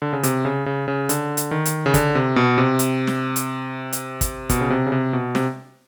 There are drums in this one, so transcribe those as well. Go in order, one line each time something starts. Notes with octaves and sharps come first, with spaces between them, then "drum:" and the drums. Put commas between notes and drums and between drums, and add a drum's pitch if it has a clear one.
D3
C#3
C3, drum: hi-hat
C#3
C#3
C#3
D3, drum: hi-hat
drum: hi-hat
D#3
drum: hi-hat
C#3
D3, drum: kick, hi-hat
C3
B2
C3
drum: hi-hat
drum: snare
drum: hi-hat
drum: hi-hat
drum: kick, hi-hat
B2, drum: kick, hi-hat
C#3
C3
C#3
C3
B2
C3, drum: snare